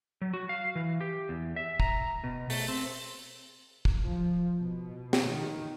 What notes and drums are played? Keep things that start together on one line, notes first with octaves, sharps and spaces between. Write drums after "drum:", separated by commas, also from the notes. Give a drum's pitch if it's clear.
F#3
F#4
F5
E3
G4
E2
E5
A#5, drum: kick
B2
A3, drum: open hi-hat
C4
drum: kick
F3
B2
drum: snare
D#3